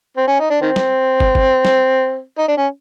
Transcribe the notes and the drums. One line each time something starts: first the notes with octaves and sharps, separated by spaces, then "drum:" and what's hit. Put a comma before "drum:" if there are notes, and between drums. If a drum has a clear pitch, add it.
C4
C#4
D#4
D4
D#3 C4
drum: snare
drum: kick
drum: kick
drum: snare
D#4
D4
C#4